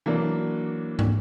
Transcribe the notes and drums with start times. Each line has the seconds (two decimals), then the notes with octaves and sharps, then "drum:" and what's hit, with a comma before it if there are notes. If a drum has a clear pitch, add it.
0.06 E3 F#3 A#3 D4
0.99 drum: tom